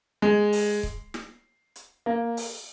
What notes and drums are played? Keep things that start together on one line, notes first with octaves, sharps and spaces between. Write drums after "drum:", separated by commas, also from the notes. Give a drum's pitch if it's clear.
G#3
drum: open hi-hat
drum: kick
drum: snare
drum: hi-hat
A#3
drum: open hi-hat